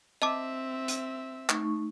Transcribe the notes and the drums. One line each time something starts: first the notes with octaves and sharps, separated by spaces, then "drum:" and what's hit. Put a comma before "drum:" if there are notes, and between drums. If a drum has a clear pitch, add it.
C4 D#5 E5 A5 D6
drum: hi-hat
A3 D#4 C#6, drum: clap